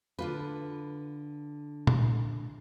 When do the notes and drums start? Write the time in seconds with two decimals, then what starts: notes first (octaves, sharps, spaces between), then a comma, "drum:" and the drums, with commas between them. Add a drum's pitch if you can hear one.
0.19 D3 F4 B4
1.87 drum: tom A#2